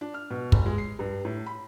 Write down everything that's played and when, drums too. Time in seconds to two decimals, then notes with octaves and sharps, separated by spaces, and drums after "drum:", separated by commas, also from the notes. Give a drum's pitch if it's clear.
0.01 D4
0.14 F6
0.30 B2
0.52 G1, drum: kick
0.66 G#3
0.78 C7
0.99 G2
1.25 A2
1.46 B5